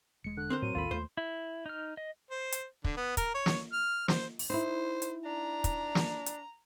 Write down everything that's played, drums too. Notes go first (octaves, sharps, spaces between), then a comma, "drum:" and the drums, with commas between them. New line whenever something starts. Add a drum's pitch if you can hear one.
E1 G#3 C#7
D3 F#6
C4 A#4 C5
A2 F#3 D#7
A1 D#2 D#3 F4 A4 B5
D#2 A3 C5
E4
D#4 F6
D#5
C5
drum: hi-hat
D3, drum: kick
B3
A#4, drum: kick, hi-hat
C#5
drum: snare
F6
C5, drum: snare
drum: open hi-hat
D#4 E4 C5
drum: hi-hat
D4 A#5
drum: kick, hi-hat
drum: snare
drum: hi-hat